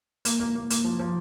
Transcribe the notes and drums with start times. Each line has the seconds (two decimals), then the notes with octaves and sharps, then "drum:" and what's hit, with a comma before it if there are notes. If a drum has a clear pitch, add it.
0.25 A#3, drum: hi-hat
0.40 A#3
0.55 A#3
0.70 A#3, drum: hi-hat
0.84 F3
0.99 F3